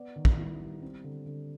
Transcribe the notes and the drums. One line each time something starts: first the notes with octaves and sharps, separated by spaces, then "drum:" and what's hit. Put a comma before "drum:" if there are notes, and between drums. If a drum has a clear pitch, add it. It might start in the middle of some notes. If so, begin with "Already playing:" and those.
Already playing: B3 D5
D#3
drum: kick
E4
G3
C4
D3
D3